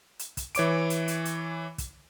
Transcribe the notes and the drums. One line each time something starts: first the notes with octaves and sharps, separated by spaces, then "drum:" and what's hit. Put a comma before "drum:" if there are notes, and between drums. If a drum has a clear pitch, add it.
drum: hi-hat
drum: kick, hi-hat
E3 C#5 D6 D7, drum: hi-hat
drum: hi-hat
drum: hi-hat
drum: hi-hat
drum: kick, hi-hat